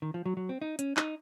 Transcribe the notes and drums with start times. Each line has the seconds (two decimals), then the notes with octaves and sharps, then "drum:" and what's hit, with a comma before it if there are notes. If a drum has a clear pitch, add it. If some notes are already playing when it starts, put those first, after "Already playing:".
0.02 D#3
0.14 F3
0.26 F#3
0.37 F#3
0.49 C4
0.62 D#4
0.79 C#4, drum: hi-hat
0.97 D#4, drum: clap